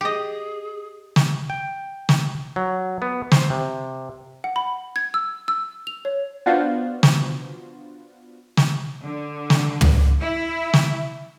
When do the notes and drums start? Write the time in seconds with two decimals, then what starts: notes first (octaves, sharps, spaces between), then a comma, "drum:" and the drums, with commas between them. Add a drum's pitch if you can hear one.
0.01 G4 G#4 D#5
1.16 drum: snare
1.50 G5
2.09 drum: snare
2.56 F#3
3.02 B3
3.32 C5, drum: snare
3.50 C3
4.44 F#5
4.56 B5
4.96 G#6
5.14 E6
5.48 E6
5.87 F7
6.05 C#5
6.46 B3 D4 F4 F#4 C5
7.03 drum: snare
8.57 drum: snare
9.01 D3
9.50 drum: snare
9.81 drum: tom
10.20 E4
10.74 drum: snare